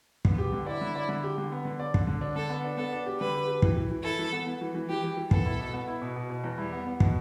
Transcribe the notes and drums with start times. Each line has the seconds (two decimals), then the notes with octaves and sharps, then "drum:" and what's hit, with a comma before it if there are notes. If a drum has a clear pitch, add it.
0.25 D3 B3, drum: kick
0.38 G4
0.52 D3
0.66 E4 D5
0.81 D3
0.96 D5
1.09 D3
1.23 G4
1.38 D3
1.52 B3
1.65 D3
1.80 D5
1.94 D3, drum: kick
2.07 D3
2.21 D4
2.36 D3 A4
2.50 B3
2.64 D4
2.77 B3 A4
2.92 D4
3.06 G4
3.20 D3 B4
3.35 G4
3.48 G4
3.62 E3, drum: kick
3.77 E3
3.91 E3
4.04 E4 A4
4.19 E3
4.33 B3
4.47 B3
4.61 E3
4.75 E3
4.89 E3 G4
5.04 E3
5.17 E3
5.31 B3 A4, drum: kick
5.46 E4
5.60 B2
5.74 B3
5.88 E4
6.02 B2
6.16 B2
6.30 B2
6.44 E2
6.57 G3 E4
6.73 B3
6.86 B3
7.00 B2, drum: kick